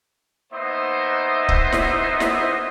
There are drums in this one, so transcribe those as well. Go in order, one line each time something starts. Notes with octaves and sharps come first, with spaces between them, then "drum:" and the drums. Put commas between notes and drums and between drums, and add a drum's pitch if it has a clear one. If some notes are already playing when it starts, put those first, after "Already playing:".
A#3 B3 D#4 C5 D#5 E5
drum: kick C#1
drum: snare
drum: snare